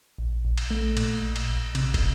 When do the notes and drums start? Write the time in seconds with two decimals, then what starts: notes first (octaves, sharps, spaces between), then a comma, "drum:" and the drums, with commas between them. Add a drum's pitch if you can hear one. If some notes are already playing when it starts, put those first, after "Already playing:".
0.18 A#1
0.45 A#1
0.57 drum: cymbal
0.71 A3
0.97 A#2, drum: cymbal
1.23 A#1
1.36 drum: cymbal
1.49 A#1
1.75 C3, drum: cymbal
1.94 drum: kick, cymbal